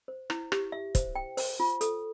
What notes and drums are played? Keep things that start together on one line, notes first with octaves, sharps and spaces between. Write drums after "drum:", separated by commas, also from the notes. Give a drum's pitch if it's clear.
C5
E4, drum: rim click
G4, drum: rim click
E5
C5, drum: kick, hi-hat
G5
C5, drum: open hi-hat
F4
A4, drum: hi-hat